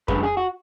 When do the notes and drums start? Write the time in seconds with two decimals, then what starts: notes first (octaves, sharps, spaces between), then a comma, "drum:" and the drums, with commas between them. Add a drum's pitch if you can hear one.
0.08 F#2 D3 G#3 B4, drum: kick F2
0.23 G#4
0.37 F#4